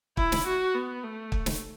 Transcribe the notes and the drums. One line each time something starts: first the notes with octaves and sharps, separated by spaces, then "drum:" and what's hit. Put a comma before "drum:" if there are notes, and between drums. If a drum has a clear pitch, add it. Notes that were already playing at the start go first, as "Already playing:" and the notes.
E4, drum: kick
drum: snare
F#4
B3
A3
drum: kick
drum: snare